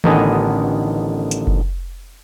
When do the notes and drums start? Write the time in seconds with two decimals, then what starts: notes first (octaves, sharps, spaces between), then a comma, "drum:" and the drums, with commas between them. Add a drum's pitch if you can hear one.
0.04 A1 D3 D#3 B3 D#5 G#5, drum: tom D#3
1.31 drum: hi-hat
1.47 drum: kick F#1